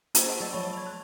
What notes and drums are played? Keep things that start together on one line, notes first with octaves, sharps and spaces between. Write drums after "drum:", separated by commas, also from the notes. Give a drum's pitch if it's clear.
A#3 F4 G#4 C5, drum: hi-hat
D#5 F#5 A5
F#3 E6 A6
F3 C#5 A5 B5 C#6
A5 G#6
F#6